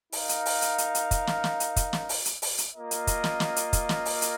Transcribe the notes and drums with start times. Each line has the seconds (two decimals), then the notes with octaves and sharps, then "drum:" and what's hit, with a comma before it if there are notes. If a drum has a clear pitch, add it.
0.12 D#4 A#4 F5, drum: open hi-hat
0.29 drum: hi-hat
0.46 drum: open hi-hat
0.62 drum: hi-hat
0.78 drum: hi-hat
0.95 drum: hi-hat
1.11 drum: kick, hi-hat
1.27 drum: snare
1.44 drum: snare
1.60 drum: hi-hat
1.76 drum: kick, hi-hat
1.93 drum: snare
2.09 drum: open hi-hat
2.26 drum: hi-hat
2.42 drum: open hi-hat
2.58 drum: hi-hat
2.74 A#3 F4 A#4 D#5
2.91 drum: hi-hat
3.07 drum: kick, hi-hat
3.24 drum: snare
3.40 drum: snare
3.56 drum: hi-hat
3.73 drum: kick, hi-hat
3.89 drum: snare
4.05 drum: open hi-hat
4.22 drum: hi-hat